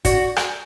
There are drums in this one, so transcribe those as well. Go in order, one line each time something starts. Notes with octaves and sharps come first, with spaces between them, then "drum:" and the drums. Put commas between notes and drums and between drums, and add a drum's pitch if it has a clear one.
F#4 D5, drum: kick, hi-hat
drum: rim click